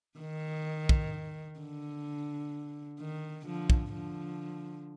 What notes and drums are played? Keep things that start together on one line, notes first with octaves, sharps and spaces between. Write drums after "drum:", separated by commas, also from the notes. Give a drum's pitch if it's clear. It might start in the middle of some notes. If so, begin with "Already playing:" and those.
D#3
drum: kick
D3
D#3
D3 F3
drum: kick
D3 F3